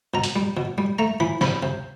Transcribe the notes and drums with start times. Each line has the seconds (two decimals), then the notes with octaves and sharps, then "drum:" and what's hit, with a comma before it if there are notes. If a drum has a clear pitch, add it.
0.14 B2 A#5
0.24 drum: hi-hat
0.36 G3
0.57 B2
0.78 G3
0.99 A3 A#5
1.20 E3 B5
1.41 C3 B5, drum: snare
1.63 C3